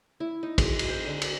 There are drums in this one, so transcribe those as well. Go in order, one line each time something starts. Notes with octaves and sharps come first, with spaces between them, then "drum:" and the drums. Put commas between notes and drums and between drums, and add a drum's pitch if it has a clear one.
E4
D#4
G#3, drum: kick, cymbal
drum: cymbal
C5
D3
drum: cymbal